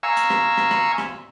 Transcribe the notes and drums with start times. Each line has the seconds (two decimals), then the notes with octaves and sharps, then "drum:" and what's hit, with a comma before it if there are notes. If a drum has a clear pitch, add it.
0.03 F5 G#5 A#5 C#6 E6
0.17 drum: hi-hat
0.30 drum: rim click
0.57 drum: rim click
0.71 drum: rim click
0.98 drum: rim click